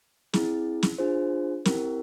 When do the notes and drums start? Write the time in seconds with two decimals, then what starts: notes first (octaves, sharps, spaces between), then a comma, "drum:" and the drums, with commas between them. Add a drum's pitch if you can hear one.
0.34 C4 E4 G#4, drum: snare
0.83 drum: snare
0.98 D4 F4 G#4 C5
1.65 C4 E4 G4 A#4, drum: snare